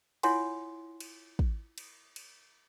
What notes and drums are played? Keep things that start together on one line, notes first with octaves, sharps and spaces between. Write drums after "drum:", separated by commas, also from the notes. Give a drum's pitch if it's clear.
E4 F4 C#5 F#5 G#5 C6, drum: cymbal
drum: cymbal
drum: kick
drum: cymbal
drum: cymbal